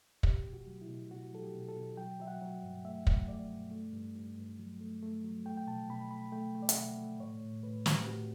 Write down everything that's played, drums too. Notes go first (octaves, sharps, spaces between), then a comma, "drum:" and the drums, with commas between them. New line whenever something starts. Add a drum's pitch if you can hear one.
B2 G4, drum: kick
B2
F#4
F#3
E4
B2
B2 F#4
F#3 A4
G4
B2
A4
B2
F#3 G5
F#3 E5
F#5
F#3
G2
A3 E5
F#3, drum: kick
A3 D5
G2
A3
G2
G2
G2
F#3
A3
A3
F#3
A3 G5
G5
B2 A5
B2 B5
A3 B5
A3 G5
A3
D5
E5, drum: hi-hat
B2 F#5
A3
A2 C#5
A2
A2 B4
A2, drum: snare
G4
A2 F#4